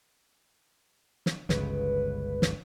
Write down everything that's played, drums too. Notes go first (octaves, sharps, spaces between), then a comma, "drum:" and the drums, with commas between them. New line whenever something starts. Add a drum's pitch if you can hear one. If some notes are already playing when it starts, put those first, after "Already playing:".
drum: snare
G1 C#2 C#3 B4, drum: snare
drum: snare